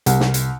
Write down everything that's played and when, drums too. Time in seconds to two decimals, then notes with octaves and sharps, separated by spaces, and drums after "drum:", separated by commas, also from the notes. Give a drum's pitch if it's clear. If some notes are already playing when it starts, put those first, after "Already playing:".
0.06 C2, drum: hi-hat
0.20 drum: snare
0.34 drum: hi-hat